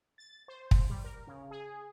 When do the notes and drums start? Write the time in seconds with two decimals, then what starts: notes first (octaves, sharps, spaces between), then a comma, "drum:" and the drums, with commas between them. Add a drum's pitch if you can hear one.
0.18 A6
0.48 C5
0.71 drum: kick
0.90 G3
1.04 A#4
1.27 C#3
1.51 G#4